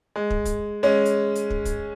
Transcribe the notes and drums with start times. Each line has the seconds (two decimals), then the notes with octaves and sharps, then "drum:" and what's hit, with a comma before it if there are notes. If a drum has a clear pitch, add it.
0.16 G#3
0.30 drum: kick
0.45 drum: kick, hi-hat
0.83 G#3 C#4
1.05 drum: hi-hat
1.35 drum: hi-hat
1.50 drum: kick
1.65 drum: kick, hi-hat